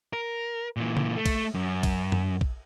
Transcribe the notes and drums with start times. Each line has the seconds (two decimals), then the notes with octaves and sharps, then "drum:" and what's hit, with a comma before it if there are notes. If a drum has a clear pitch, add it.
0.13 A#4
0.77 A#2 E3
0.97 drum: tom C#3
1.16 A3
1.26 drum: kick A#1, cymbal
1.54 F#2
1.83 drum: kick A#1, cymbal
2.12 drum: tom F#2
2.41 drum: kick A#1